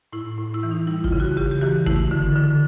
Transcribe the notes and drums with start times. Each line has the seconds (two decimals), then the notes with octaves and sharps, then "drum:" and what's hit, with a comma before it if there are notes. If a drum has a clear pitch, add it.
0.12 A2 E4
0.38 A2
0.54 E4
0.63 E3
0.71 D#4
0.87 G3 E4
1.04 F4, drum: kick
1.12 C#3
1.20 F#4
1.37 C#3 G4
1.51 G4
1.61 E3 F#4
1.86 A3 E4, drum: kick
2.11 D3
2.36 D3